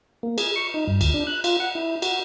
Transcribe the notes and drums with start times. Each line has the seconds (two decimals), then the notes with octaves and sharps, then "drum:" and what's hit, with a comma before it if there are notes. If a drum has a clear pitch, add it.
0.23 A#3
0.38 G#4, drum: cymbal
0.56 C#6
0.74 D#4
0.87 G2
1.01 D2, drum: cymbal
1.14 D4
1.27 F#6
1.44 F4, drum: cymbal
1.60 F#5
1.75 E4
2.02 F#4, drum: cymbal